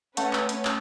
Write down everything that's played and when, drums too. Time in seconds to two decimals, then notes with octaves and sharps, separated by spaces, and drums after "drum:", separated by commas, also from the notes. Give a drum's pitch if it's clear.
0.17 A3 C#4 B4 C#5 F#5, drum: hi-hat
0.33 drum: clap
0.49 drum: hi-hat
0.65 drum: clap